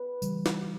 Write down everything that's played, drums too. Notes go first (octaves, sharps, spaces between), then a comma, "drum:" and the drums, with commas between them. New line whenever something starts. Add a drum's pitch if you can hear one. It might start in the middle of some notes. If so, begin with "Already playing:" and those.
Already playing: B4
C#3 E3 G3, drum: tambourine
drum: snare